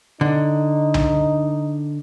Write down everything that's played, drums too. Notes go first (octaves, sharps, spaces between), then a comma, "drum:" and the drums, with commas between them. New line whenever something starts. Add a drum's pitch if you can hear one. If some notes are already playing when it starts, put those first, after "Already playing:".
D3 D#4
drum: tom C2